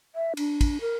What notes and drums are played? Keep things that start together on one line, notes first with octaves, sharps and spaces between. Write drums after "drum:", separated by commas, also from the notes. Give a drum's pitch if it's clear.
E5
D4, drum: cymbal
drum: kick, cymbal
A#4